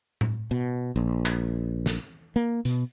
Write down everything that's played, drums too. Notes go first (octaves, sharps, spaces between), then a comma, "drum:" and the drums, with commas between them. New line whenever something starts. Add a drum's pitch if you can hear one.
drum: tom A2
B2
A#1
drum: clap
drum: snare
A#3
B2, drum: hi-hat